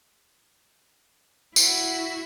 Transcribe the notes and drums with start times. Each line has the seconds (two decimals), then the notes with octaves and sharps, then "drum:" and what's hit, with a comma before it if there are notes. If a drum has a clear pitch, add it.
1.56 E4 F#4, drum: tambourine